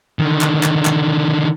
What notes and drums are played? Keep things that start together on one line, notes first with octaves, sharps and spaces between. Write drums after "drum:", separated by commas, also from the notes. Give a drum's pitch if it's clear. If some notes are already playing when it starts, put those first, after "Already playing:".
D3 D#3
drum: clap
drum: clap
drum: clap